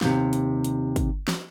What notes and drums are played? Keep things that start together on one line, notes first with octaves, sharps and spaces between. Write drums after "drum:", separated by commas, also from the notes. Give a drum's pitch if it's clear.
D#2 C3, drum: snare
drum: hi-hat
drum: hi-hat
drum: kick, hi-hat
drum: snare